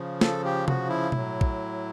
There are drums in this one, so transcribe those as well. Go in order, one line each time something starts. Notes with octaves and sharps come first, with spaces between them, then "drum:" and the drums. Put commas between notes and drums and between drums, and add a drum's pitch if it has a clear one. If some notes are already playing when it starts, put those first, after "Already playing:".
Already playing: C#3 F3
A4, drum: snare
G4
F#4, drum: tom C3
E4
A2 F#3, drum: tom B2
drum: kick